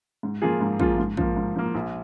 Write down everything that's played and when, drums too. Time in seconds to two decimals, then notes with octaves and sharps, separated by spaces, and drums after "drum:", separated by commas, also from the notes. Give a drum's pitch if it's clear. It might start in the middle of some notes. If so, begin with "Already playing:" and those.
0.23 G#2
0.42 F3 A#3 F4 G#4
0.61 G#2
0.80 F3 A#3 F4 G#4, drum: kick
0.98 G#2
1.17 F3 A#3, drum: kick
1.37 G#2
1.56 F3 A#3
1.75 A#1